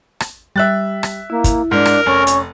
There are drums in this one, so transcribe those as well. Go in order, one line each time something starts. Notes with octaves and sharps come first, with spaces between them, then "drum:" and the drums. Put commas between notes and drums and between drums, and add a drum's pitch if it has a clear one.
drum: rim click
G3 E5 F#6 A6
drum: rim click
A#3 E4
drum: kick, hi-hat
G#2 D4 A#4
drum: rim click
F1 C#4 G#5
drum: hi-hat